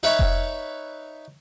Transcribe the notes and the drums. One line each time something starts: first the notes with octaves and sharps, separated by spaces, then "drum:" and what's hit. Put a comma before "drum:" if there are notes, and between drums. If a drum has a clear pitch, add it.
D#4 B4 C#5 E5
drum: kick F1